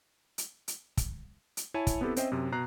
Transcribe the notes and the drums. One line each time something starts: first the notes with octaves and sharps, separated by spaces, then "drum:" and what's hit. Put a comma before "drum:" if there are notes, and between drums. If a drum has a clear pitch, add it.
drum: hi-hat
drum: hi-hat
drum: kick, hi-hat
drum: hi-hat
E4 C#5 G#5 A5 D#7
drum: kick, hi-hat
B3 C4 E4 G4 A4
C4 C#4 C5 D#5 E5 G5, drum: hi-hat
F#2 C3
B2 A#5 F#6 C7